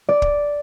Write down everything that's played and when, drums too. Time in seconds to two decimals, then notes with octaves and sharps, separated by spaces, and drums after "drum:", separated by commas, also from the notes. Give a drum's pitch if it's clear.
0.09 D5
0.22 drum: kick